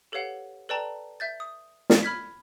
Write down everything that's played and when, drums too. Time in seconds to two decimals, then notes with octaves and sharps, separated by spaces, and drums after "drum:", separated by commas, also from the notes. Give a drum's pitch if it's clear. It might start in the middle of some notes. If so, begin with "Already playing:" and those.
0.12 G4 A4 B4 C#5 F5 F#5
0.69 A4 B4 D5 G5 A5 A#5
1.20 E5 G6 A6
1.40 D#6
1.90 drum: snare
2.03 B5 F6 G#6 B6